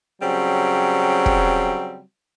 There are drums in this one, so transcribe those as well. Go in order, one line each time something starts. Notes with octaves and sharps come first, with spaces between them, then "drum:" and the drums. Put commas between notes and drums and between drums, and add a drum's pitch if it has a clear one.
C#3 F#3 G3 C4
drum: kick